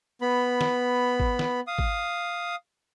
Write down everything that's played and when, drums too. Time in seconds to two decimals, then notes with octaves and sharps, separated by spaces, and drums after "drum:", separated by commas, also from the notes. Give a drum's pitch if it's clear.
0.21 B3 B5
0.61 drum: snare
1.20 drum: kick G#1
1.39 drum: snare
1.67 F5 D#6
1.79 drum: kick G#1